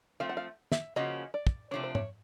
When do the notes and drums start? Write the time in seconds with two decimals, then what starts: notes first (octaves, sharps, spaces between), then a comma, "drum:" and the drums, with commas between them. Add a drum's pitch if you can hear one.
0.20 F3 A3 C4 F5
0.29 F#5
0.37 F5
0.72 E5, drum: snare
0.96 C#3 F3 A#3 C#4 F#4 D#5
1.34 D5
1.47 drum: kick
1.71 C3 F3 A3 D4 C#5
1.84 C5
1.95 C#5, drum: tom